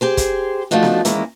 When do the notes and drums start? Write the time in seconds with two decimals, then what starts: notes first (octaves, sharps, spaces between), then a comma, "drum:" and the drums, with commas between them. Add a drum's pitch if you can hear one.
0.01 G4 G#4 C5
0.17 drum: kick, hi-hat
0.71 F3 A3 D4 D#4 F#4
0.83 drum: snare B3
1.05 D#2 E3 G#3 A#3 C#4, drum: hi-hat